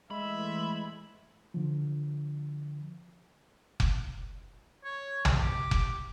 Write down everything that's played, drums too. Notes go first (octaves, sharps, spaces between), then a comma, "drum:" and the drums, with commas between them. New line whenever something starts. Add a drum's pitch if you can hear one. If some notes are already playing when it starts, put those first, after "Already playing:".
E3 G#3 A3 E5 B5
D3 F3
drum: kick F1
C#5
drum: tom
G4
drum: kick F1